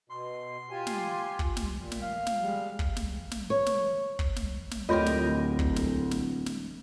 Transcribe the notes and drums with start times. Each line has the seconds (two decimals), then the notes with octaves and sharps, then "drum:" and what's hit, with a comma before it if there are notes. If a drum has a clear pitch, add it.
0.10 B2 C6
0.71 F4 G4 G#5
0.87 drum: snare
1.39 drum: kick
1.57 drum: snare
1.78 A#2
1.92 drum: snare
2.01 F5
2.26 drum: snare
2.40 G3 G#3
2.79 drum: kick
2.96 drum: snare
3.31 drum: snare
3.50 C#5
3.66 drum: snare
4.19 drum: kick
4.36 drum: snare
4.71 drum: snare
4.89 D1 D2 F4 G4 A#4 C#5 D#5 C6
5.06 drum: snare
5.59 drum: kick
5.76 drum: snare
6.11 drum: snare
6.46 drum: snare